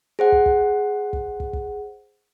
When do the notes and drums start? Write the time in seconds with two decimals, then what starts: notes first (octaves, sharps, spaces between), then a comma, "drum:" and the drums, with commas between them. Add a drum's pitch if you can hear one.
0.19 G#4 C5 F#5
0.32 drum: kick
0.46 drum: kick
1.13 drum: kick
1.40 drum: kick
1.53 drum: kick